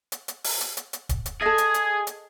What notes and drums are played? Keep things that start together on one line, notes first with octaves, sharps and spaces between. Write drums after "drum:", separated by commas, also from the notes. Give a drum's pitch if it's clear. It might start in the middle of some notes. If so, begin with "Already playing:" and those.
drum: hi-hat
drum: hi-hat
drum: open hi-hat
drum: hi-hat
drum: hi-hat
drum: hi-hat
drum: kick, hi-hat
drum: hi-hat
G#4 A4 D#5 G#6
drum: hi-hat
drum: hi-hat
drum: hi-hat